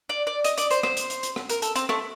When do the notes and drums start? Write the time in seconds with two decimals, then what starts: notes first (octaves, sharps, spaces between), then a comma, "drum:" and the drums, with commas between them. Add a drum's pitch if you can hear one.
0.09 D5
0.27 D5
0.44 D#5, drum: hi-hat
0.58 D5, drum: hi-hat
0.71 C5, drum: hi-hat
0.83 C5, drum: rim click
0.97 drum: hi-hat
1.10 drum: hi-hat
1.23 drum: hi-hat
1.36 drum: rim click
1.49 A#4, drum: hi-hat
1.62 A4, drum: hi-hat
1.76 C4, drum: hi-hat
1.89 A3, drum: rim click